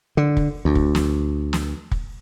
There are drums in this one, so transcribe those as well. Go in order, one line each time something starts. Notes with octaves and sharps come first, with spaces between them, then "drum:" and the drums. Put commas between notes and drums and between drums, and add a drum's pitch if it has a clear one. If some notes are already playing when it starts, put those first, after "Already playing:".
D3
drum: kick
D2
drum: kick
drum: snare
drum: snare
drum: kick